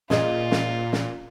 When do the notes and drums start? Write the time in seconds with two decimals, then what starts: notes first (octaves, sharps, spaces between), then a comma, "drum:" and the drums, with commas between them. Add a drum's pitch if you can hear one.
0.10 A#2 F4 G#4 C5 D#5, drum: snare
0.51 drum: snare
0.93 drum: snare